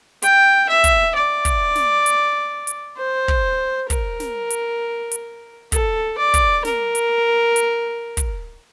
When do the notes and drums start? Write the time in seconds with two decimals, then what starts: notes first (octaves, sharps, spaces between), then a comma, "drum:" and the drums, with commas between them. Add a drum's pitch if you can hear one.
0.22 G5, drum: hi-hat
0.69 E5
0.84 drum: kick, hi-hat
1.15 D5
1.45 drum: kick, hi-hat
1.75 drum: snare
2.06 drum: hi-hat
2.67 drum: hi-hat
2.97 C5
3.28 drum: kick
3.90 A#4, drum: kick, hi-hat
4.20 drum: snare
4.50 drum: hi-hat
5.11 drum: hi-hat
5.72 A4, drum: kick, hi-hat
6.18 D5
6.34 drum: kick, hi-hat
6.65 A#4, drum: snare
6.95 drum: hi-hat
7.56 drum: hi-hat
8.17 drum: kick, hi-hat